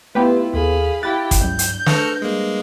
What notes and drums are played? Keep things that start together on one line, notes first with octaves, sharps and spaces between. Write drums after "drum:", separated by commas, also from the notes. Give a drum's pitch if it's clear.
A3 B3 E4 F4 G4 B4
D#2 G#4 A4 F5 B5
E4 G4 F5 B5 F#6 A6
drum: kick, hi-hat
C#2 G2 F#3 G6
drum: hi-hat
D4 A4 B4 C#6 F6 A#6, drum: snare
G3 G#3 A#3